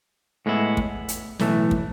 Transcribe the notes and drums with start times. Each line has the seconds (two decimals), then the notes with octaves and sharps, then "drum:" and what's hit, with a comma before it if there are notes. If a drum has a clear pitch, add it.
0.46 A2 G#3 B3 E4
0.77 drum: kick
1.08 drum: hi-hat
1.39 B1 A2 E3 A3, drum: snare
1.71 drum: kick